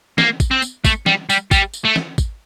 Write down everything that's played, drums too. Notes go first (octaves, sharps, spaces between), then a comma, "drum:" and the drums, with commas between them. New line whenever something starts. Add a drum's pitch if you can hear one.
A#3, drum: snare
drum: kick, tambourine
C4
drum: tambourine
A3, drum: kick, tambourine
G3, drum: snare
G3, drum: tambourine
G3, drum: kick, tambourine
drum: tambourine
A3
drum: snare
drum: kick, tambourine